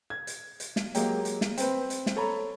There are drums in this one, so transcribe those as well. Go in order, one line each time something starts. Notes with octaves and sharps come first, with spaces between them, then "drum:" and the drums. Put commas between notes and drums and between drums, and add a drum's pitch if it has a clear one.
G#6
drum: hi-hat
drum: hi-hat
drum: snare
F#3 G#3 A#3 G4, drum: hi-hat
drum: hi-hat
drum: snare
C4 B4 C5, drum: hi-hat
drum: hi-hat
drum: snare
A4 C#5 A#5 B5